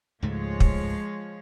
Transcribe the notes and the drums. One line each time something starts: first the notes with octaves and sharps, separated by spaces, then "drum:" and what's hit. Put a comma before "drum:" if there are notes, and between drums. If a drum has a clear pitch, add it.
C#2 G#2 F3 G#3 A3 C#5
drum: kick